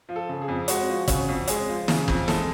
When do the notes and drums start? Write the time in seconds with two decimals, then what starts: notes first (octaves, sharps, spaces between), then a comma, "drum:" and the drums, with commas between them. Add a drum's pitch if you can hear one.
0.09 F3
0.16 A4
0.29 C#3
0.41 G#4
0.48 F2
0.68 G#3 F#4, drum: hi-hat
0.89 F3
1.08 C#3, drum: kick, hi-hat
1.29 F2
1.47 G#3 G#4, drum: hi-hat
1.68 F3
1.88 C#3, drum: snare
2.08 F2, drum: kick
2.28 G#3 A4, drum: snare